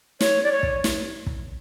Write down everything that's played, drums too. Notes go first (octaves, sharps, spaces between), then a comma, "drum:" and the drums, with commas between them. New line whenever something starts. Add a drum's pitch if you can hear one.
C#5, drum: snare
D5
C#5
drum: kick
drum: snare
drum: kick